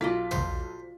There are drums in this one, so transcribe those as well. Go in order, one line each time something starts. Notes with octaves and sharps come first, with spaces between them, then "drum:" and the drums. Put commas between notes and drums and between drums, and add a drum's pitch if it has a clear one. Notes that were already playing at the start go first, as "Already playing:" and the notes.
B1 F4 D5 D#5 B6
C5, drum: tom